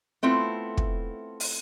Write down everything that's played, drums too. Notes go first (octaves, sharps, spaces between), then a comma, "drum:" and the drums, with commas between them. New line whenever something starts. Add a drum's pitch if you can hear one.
A3 B3 C4 E4 F4 A4
drum: kick
drum: open hi-hat